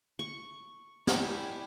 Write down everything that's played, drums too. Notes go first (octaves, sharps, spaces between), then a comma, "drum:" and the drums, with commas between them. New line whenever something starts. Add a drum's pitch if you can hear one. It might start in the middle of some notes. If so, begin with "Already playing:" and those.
C#6
D#3 C#4 D4 E4 G4, drum: snare